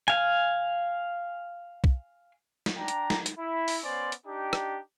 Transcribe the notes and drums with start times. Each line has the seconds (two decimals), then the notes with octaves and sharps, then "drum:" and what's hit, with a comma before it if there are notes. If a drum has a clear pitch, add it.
0.08 F5 G#5
1.84 drum: kick B1
2.66 drum: snare
2.77 D4 G5 A#5
2.88 drum: hi-hat
3.10 drum: snare
3.26 drum: hi-hat
3.38 E4
3.68 drum: open hi-hat
3.83 B3 C#4 C5 D5 C6
4.12 drum: hi-hat
4.26 D4 D#4 G4
4.53 drum: rim click